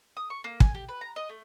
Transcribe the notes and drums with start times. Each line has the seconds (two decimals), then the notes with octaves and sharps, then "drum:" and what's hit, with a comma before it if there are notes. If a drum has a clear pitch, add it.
0.17 D#6
0.30 C#6
0.44 A#3
0.60 G#5, drum: kick
0.75 G4
0.89 B4
1.01 A#5
1.16 D#5
1.29 A3